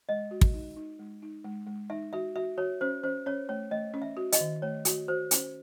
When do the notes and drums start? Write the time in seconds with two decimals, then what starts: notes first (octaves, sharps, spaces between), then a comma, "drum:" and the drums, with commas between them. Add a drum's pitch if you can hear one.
0.09 G#3 D#5
0.31 F#4
0.41 drum: kick
0.54 D#4
0.77 D#4
0.99 G#3
1.22 D#4
1.44 G#3
1.67 G#3
1.90 D#4 E5
2.13 F#4 E5
2.36 F#4 E5
2.58 F#4 C#5
2.81 C#4 C5
3.03 C#4 C5
3.26 C#4 C#5
3.49 A3 C#5
3.71 A3 D#5
3.94 C#4
4.02 E5
4.17 F#4
4.32 D#5, drum: hi-hat
4.40 D#3
4.62 A3 C#5
4.85 F#4, drum: hi-hat
5.08 F#4 C5
5.31 C#4, drum: hi-hat